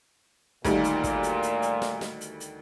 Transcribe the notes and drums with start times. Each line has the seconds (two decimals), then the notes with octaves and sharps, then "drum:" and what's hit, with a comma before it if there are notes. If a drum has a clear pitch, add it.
0.65 D2 A#2 D#3 G3, drum: kick, hi-hat
0.84 drum: hi-hat
1.04 drum: kick, hi-hat
1.23 drum: hi-hat
1.43 drum: hi-hat
1.62 drum: hi-hat
1.82 drum: snare
2.01 drum: snare
2.21 drum: hi-hat
2.40 drum: hi-hat